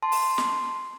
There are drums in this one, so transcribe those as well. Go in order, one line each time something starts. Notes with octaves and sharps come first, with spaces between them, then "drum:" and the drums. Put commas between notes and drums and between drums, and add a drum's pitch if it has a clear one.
A5 C6
drum: open hi-hat
drum: snare